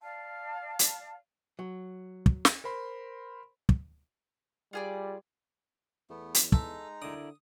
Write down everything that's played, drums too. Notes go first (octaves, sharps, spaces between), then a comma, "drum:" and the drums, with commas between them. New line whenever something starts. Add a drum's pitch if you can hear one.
D5 F5 A5
drum: hi-hat
F#3
drum: kick
drum: snare
A#4 C5 B5 C6
drum: kick
G3 F4 G#4 D5
E2 A3 B3
drum: hi-hat
G#3 D#4 A4 E5 A#5, drum: kick
D3 E4 A#4 D5 D#6